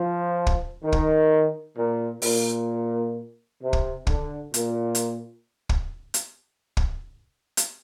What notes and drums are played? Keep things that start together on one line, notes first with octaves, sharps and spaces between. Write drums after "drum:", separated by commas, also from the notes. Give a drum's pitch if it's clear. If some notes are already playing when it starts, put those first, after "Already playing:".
Already playing: F3
drum: kick
D#3
drum: kick
A#2
A#2, drum: open hi-hat
C3
drum: kick
D3, drum: kick
A#2, drum: hi-hat
drum: hi-hat
drum: kick
drum: hi-hat
drum: kick
drum: hi-hat